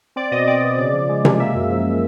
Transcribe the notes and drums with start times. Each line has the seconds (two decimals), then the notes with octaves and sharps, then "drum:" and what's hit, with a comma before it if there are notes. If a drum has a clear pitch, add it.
0.16 C4 D5
0.31 B2 D#5
0.47 C4 D5
0.63 B2 D5
0.78 C#3 D5
0.93 F3
1.09 G#3
1.25 G#3, drum: tom C3
1.40 A#3 E5
1.55 F#2
1.70 F3